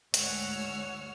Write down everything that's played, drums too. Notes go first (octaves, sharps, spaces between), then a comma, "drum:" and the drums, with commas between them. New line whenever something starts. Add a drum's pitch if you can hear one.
D2 G#2 C#5 F#5 E6 F6, drum: hi-hat